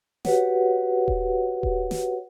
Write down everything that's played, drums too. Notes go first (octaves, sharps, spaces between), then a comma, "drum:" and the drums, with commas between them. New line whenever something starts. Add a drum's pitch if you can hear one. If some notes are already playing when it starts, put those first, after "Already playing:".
F#4 G4 B4 C#5 F#5, drum: snare
drum: kick D#1
drum: kick D#1
drum: snare